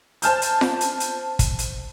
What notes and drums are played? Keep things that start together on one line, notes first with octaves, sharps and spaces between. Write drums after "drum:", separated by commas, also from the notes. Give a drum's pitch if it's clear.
C5 A5 F6 G6, drum: hi-hat
drum: hi-hat
drum: snare F4
drum: hi-hat
drum: hi-hat
drum: kick, hi-hat
drum: hi-hat